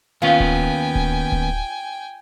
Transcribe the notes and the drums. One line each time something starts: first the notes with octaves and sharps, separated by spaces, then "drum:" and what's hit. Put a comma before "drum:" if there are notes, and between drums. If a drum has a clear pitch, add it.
D#2 B3 C#4 F4 G5 G#5
drum: kick D1
drum: kick D1
drum: kick D1